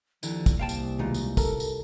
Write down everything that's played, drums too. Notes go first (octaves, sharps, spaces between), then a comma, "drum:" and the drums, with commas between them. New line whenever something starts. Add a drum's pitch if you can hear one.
D#2 D3 F3 E4, drum: tambourine
drum: kick, tambourine
C2 A#3 F5 G5 A5
drum: tambourine
D#2 B2 G#3 B3 D#4 F4
drum: tambourine
A4 A#4, drum: kick, tambourine
drum: tambourine